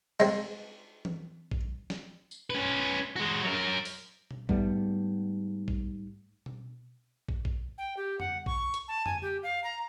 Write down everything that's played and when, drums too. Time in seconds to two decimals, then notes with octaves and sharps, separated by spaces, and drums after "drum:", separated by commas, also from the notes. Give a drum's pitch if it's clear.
0.20 G#3 C4, drum: cymbal
1.05 drum: tom E3
1.51 drum: kick
1.90 drum: snare
2.31 drum: tambourine
2.50 C#4 B4
3.16 G#3 F#4
3.43 F#3 A#4
3.85 drum: open hi-hat
4.31 drum: tom B2
4.49 G#2 G3 A3 B3, drum: kick
5.68 drum: kick
6.46 drum: tom B2
7.29 drum: kick
7.45 drum: kick
7.78 G5
7.97 G4
8.20 F#5, drum: tom F2
8.46 C#6, drum: kick
8.74 drum: hi-hat
8.88 A5
9.06 G#5, drum: tom F2
9.22 G4
9.43 F5
9.64 A#5